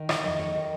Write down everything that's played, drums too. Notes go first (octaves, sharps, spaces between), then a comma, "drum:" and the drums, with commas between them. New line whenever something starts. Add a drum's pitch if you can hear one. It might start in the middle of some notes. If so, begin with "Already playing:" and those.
Already playing: D#3
C#5, drum: rim click
F2 D#5
C#5
D#3 D#5